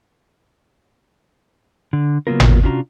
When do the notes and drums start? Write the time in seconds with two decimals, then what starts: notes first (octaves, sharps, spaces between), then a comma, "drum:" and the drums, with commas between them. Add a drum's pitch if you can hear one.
1.93 D3
2.27 C#3 F#3 A#3 B3 F4 A#4
2.40 drum: tom G#1
2.63 C3 C#4 D4 F4 F#4 A#5